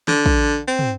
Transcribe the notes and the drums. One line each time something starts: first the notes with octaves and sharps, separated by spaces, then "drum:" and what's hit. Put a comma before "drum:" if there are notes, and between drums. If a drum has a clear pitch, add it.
D3, drum: snare
drum: kick
C4
drum: tom